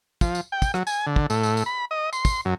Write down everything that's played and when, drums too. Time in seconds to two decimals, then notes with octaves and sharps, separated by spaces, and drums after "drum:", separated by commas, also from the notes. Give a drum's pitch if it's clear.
0.21 F3, drum: kick, tambourine
0.35 drum: tambourine
0.52 G5
0.62 drum: kick, tambourine
0.74 F#3, drum: rim click
0.87 G#5, drum: tambourine
1.07 D3
1.16 drum: kick
1.30 A2, drum: tambourine
1.43 drum: tambourine
1.57 drum: tambourine
1.66 B5
1.91 D#5
2.13 C6, drum: tambourine
2.25 drum: kick, tambourine
2.45 F#2